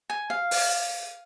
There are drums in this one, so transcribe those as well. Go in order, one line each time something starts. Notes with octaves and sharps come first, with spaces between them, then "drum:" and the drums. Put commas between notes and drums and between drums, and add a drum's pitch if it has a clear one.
G#5
F5
drum: open hi-hat